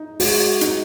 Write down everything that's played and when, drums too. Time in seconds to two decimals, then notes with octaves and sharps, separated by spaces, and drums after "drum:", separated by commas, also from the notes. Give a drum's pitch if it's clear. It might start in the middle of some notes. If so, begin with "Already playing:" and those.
Already playing: D#4
0.20 G#3 F#4, drum: open hi-hat
0.61 D#4, drum: hi-hat